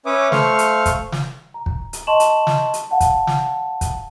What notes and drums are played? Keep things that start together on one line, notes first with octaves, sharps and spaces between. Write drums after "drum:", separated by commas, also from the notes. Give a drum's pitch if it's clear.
C#4 B4 C#5 E5 D6 D#6
A3 C5 F5 C#6 F6, drum: snare
drum: hi-hat
drum: kick, hi-hat
drum: snare
A#5
drum: kick
drum: hi-hat
D#5 A5 C6 C#6 E7 F#7
drum: hi-hat
drum: snare
drum: hi-hat
F5 F#5 A5
drum: kick, hi-hat
drum: snare
drum: kick, hi-hat